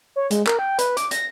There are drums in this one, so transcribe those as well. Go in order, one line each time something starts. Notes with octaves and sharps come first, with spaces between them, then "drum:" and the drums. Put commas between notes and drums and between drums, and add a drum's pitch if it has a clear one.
C#5
G#3, drum: hi-hat
A#4, drum: clap
G5
B4, drum: hi-hat
D6, drum: hi-hat
A#6, drum: hi-hat